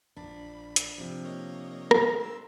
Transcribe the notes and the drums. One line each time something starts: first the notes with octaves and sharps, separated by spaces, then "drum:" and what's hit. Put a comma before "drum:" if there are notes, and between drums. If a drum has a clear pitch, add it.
A#1 D4 B5
drum: hi-hat
C3 F3
A#3 C#5 D#5
drum: rim click
C6 E6